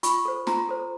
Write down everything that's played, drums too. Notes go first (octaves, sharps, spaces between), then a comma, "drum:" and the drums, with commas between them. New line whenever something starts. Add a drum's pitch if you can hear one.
F4 B5 C#6, drum: hi-hat
A4 C5
F4 A#5 C6, drum: snare
A4 C5